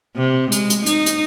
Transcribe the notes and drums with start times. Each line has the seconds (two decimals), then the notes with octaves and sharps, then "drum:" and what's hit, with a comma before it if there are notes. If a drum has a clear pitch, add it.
0.16 C3
0.52 G#3, drum: hi-hat
0.70 drum: hi-hat
0.86 D#4, drum: hi-hat
1.06 drum: hi-hat